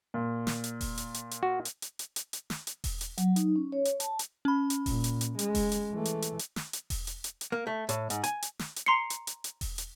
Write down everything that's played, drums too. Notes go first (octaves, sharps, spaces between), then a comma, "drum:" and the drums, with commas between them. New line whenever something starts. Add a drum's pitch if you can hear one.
A#2
drum: snare
drum: hi-hat
drum: kick E1, open hi-hat
drum: hi-hat
drum: hi-hat
drum: hi-hat
F#4
drum: hi-hat
drum: hi-hat
drum: hi-hat
drum: hi-hat
drum: hi-hat
drum: snare
drum: hi-hat
drum: kick E1, open hi-hat
drum: hi-hat
F#3, drum: hi-hat
D#4, drum: hi-hat
C#4
C#5
drum: hi-hat
A5, drum: hi-hat
drum: hi-hat
C#4 B5
drum: hi-hat
A#2, drum: kick E1, open hi-hat
drum: hi-hat
drum: hi-hat
G#3, drum: hi-hat
drum: kick E1, open hi-hat
drum: hi-hat
E3 A3
drum: hi-hat
drum: hi-hat
drum: hi-hat
drum: snare
drum: hi-hat
drum: kick E1, open hi-hat
drum: hi-hat
drum: hi-hat
drum: hi-hat
A#3
A3
A2, drum: hi-hat
G#2, drum: hi-hat
G#5, drum: hi-hat
drum: hi-hat
drum: snare
drum: hi-hat
A#5 C6 C7 C#7
drum: hi-hat
drum: hi-hat
drum: hi-hat
drum: kick E1, open hi-hat
drum: hi-hat